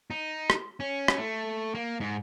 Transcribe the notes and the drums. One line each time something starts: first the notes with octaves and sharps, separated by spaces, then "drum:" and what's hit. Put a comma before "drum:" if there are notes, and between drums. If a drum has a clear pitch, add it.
D#4
drum: rim click
C#4
drum: rim click
A3
A#3
G#2